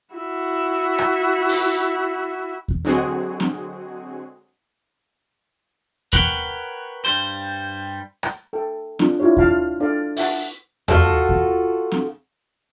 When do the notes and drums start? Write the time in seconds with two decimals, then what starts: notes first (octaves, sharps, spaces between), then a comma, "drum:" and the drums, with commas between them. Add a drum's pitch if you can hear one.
0.15 E4 F#4
0.99 drum: rim click
1.49 drum: open hi-hat
2.68 drum: kick D#2
2.85 D3 F#3 G#3 C4 F#4 G#4
3.40 drum: snare
6.13 A#4 B4 C#5 F#5 G5, drum: kick D#2
7.05 G2 G3 C5
8.23 drum: rim click
8.53 A4 G5
8.99 D4 F4, drum: snare
9.19 D4 E4 F4 G4 C#5
9.37 F4 F5 A5, drum: kick D#2
9.80 D4 A4 D5 F5
10.17 E5 F#5 A5, drum: open hi-hat
10.88 F4 F#4 A4, drum: tom D#2
11.29 drum: kick D#2
11.92 drum: snare